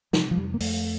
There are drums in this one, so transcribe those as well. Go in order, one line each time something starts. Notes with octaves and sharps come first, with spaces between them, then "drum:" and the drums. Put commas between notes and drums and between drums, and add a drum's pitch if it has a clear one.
C3 F3, drum: snare
F3
F2 G3
A#3
F2 A3, drum: open hi-hat